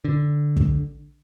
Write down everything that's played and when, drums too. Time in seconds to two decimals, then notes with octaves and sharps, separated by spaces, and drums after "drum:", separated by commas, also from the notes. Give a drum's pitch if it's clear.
0.05 D3
0.56 drum: kick